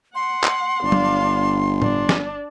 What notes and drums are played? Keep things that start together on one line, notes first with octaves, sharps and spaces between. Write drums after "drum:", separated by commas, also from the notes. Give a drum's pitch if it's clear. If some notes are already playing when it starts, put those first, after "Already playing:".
F#5 C6
drum: clap
G1 D4 F5
drum: tom
D4, drum: tom A2
drum: snare